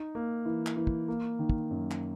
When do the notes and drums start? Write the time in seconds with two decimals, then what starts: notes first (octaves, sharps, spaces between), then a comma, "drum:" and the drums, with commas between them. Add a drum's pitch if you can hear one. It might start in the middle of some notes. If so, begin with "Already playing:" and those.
Already playing: D#4
0.15 A#3
0.45 E3
0.66 drum: clap
0.76 E3
0.87 drum: kick
1.08 A#3
1.39 D#3
1.50 drum: kick
1.71 F#2
1.91 drum: clap